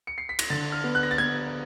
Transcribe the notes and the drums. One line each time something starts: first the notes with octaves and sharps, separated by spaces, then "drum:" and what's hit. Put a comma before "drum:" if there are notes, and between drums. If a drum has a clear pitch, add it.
C#7
C7
B6
A#6, drum: cymbal
D3 A6
F6
B3
F#6
A#6
A6
B3 G#6